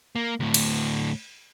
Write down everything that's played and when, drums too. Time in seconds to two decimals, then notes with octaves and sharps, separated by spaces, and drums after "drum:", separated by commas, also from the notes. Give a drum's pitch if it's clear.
0.16 A#3
0.40 D2 A2
0.54 drum: cymbal